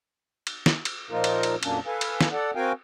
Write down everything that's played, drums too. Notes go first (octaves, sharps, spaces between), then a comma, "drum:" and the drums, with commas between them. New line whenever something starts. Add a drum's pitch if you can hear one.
drum: cymbal
drum: snare
drum: cymbal
A#2 F3 A#3 D#4 F4 A#4
drum: cymbal
drum: cymbal
F2 A#2 F#3 A#3 C#4 D4, drum: cymbal
A4 B4 F5 G#5
drum: cymbal
drum: snare
A4 D5 F#5
C4 F#4 A#4 F5 G5 G#5